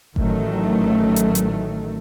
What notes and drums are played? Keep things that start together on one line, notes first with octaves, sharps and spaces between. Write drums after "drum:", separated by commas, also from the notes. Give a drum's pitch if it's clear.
A1 D#3 F#3 A3, drum: kick G1
drum: hi-hat
drum: hi-hat